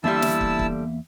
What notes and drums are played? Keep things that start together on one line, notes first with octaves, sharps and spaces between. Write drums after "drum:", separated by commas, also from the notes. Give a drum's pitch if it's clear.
E2 D3 G3 A#3 E4 E5 A5 E6
drum: snare
drum: kick
drum: kick